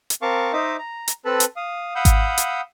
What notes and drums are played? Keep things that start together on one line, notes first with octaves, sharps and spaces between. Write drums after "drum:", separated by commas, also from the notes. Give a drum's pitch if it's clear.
drum: hi-hat
C4 A#4 F5 A5 C#6 D6
D#4 C5 D#5 E5 D6
A#5
drum: hi-hat
C4 A4 B4 A5 B5
drum: hi-hat
F5 D#6
F5 F#5 B5 D#6 E6 G6
drum: kick G#1, hi-hat
drum: hi-hat